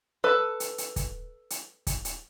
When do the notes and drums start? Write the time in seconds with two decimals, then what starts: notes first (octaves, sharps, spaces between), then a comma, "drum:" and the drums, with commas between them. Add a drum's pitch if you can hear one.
0.24 A4 B4 A5
0.60 drum: hi-hat
0.78 drum: hi-hat
0.96 drum: kick, hi-hat
1.50 drum: hi-hat
1.87 drum: kick, hi-hat
2.05 drum: hi-hat